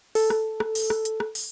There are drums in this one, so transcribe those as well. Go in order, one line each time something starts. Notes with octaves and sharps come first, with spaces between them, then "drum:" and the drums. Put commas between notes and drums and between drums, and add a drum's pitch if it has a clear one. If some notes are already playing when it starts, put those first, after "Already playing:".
A4, drum: open hi-hat
drum: rim click
drum: rim click
drum: open hi-hat
drum: rim click
drum: hi-hat
drum: rim click
drum: open hi-hat